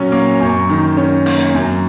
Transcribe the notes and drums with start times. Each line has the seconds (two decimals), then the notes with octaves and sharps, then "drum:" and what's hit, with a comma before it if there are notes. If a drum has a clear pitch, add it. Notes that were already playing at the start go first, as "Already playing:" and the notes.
Already playing: A#2 F#3 C#4 C#5
0.12 A#3
0.40 F#2 C#6
0.69 D#3
0.97 C#4
1.26 A#3, drum: open hi-hat
1.55 F#2